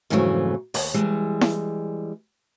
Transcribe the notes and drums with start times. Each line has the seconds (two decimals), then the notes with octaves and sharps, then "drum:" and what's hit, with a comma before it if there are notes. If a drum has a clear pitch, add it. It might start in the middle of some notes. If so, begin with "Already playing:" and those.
0.10 F2 G#2 C#3 E3 F#3 A3
0.74 D#2, drum: open hi-hat
0.94 E3 G3 G#3
1.41 drum: snare E4